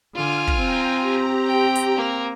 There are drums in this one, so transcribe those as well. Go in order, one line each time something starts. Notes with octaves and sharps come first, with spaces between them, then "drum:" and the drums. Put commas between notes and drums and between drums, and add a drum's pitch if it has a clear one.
D3 F4 G#5 F6
drum: kick
C4 G5 A#5
G4 A#5
G5
drum: hi-hat
A#3